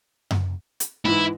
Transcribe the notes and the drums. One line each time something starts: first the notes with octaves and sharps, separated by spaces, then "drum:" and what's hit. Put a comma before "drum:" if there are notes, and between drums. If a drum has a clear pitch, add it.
drum: tom F#2
drum: hi-hat
G#2 E3 E4